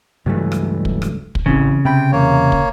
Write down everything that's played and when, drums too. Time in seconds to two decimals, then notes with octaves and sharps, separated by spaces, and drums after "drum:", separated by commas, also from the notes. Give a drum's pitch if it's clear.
0.26 C#2 G2 E3 F#3 A3
0.52 drum: rim click
0.85 drum: kick
1.02 drum: rim click
1.35 drum: kick
1.46 A1 C#3 E3 C4 E4
1.85 C3 C4 G5 B5
2.12 E2 A#3 C#5
2.52 drum: kick